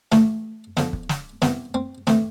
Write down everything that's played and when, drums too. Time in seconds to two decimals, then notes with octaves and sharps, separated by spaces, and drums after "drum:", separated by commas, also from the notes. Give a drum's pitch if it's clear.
0.12 A1 A2 E3 A3, drum: snare
0.77 E2 D3 F3, drum: snare
0.93 drum: kick
1.09 drum: snare
1.42 C2 C3 E3 B3, drum: snare
1.74 C4
2.07 A2 E3 C4, drum: snare